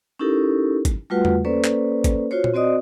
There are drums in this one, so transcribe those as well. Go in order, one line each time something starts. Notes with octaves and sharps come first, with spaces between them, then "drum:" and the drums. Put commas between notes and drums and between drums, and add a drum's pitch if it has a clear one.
C#4 D#4 E4 G4 A4 A#4
drum: kick, hi-hat
G3 A3 F4 F#4 B4 F#5
drum: tom E2
A#3 C#4 A4 B4 C5 D5
drum: clap
drum: kick, hi-hat
F4 F#4 C5 C#5
drum: tom A#2
C4 F#4 C5 D5 D#5 D#6